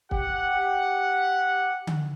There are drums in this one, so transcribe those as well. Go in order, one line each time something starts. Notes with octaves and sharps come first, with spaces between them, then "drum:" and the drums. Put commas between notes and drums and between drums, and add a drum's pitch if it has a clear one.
G4 F#5, drum: kick
drum: tom D3